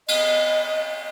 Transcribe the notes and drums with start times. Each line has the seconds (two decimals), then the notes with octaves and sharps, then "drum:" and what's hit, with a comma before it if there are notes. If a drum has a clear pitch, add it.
0.08 D#5, drum: cymbal